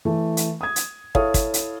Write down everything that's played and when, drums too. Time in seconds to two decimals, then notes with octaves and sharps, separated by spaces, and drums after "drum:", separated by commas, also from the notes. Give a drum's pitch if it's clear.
0.05 E3 A3
0.37 drum: hi-hat
0.61 D#6 G#6
0.76 drum: hi-hat
1.15 E4 A4 C#5 F5 D#6, drum: kick
1.34 drum: kick, hi-hat
1.54 drum: hi-hat